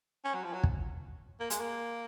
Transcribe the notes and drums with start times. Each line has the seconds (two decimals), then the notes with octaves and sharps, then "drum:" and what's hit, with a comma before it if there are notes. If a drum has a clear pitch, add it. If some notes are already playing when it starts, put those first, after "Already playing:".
0.24 C#4
0.34 F#3
0.44 F3
0.53 F#3
0.63 drum: kick
1.40 A#3
1.50 G#3, drum: hi-hat
1.60 A#3